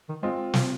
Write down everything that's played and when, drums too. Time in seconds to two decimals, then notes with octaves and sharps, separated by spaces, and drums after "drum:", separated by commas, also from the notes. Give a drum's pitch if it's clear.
0.09 D#3
0.23 G#3 C4 F4
0.54 drum: snare